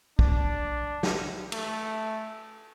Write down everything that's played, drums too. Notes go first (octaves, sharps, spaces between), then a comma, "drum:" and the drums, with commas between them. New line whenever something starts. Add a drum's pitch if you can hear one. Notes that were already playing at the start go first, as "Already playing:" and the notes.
D4, drum: kick
drum: snare
A3, drum: cymbal